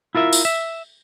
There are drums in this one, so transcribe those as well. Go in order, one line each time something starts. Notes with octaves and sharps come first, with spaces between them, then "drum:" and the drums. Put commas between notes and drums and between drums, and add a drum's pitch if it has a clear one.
E4 F4 A#4 E5
drum: tambourine
E5